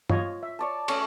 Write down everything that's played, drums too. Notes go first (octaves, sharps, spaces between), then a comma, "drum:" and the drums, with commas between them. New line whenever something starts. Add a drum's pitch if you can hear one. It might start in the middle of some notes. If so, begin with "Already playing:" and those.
F4 C#5 D#5, drum: tom
E5
C#5 D5 A5
A3 C#4 C#5, drum: cymbal